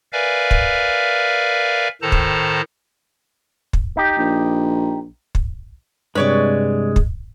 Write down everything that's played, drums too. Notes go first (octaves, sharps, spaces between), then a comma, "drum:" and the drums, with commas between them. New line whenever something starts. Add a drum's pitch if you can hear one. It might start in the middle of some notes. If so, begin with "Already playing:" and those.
A#4 B4 D5 E5 F5 G#5
drum: kick
A2 D#3 A4 C5 A5 A#5
drum: kick
drum: kick
D#4 G4
A#1
drum: kick
G2 C3 G#3 B4 C#5 D5
drum: kick